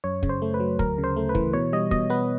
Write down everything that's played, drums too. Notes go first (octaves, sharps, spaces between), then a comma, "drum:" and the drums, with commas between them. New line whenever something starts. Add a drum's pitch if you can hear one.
F#2 C#5
C#3, drum: kick
C5
A3
B4
F#3
D2 A#4, drum: kick
C#3
C5
A3
B4
E3, drum: kick
B2 C#5
G3 D#5
B2 D#5, drum: kick
B3 B4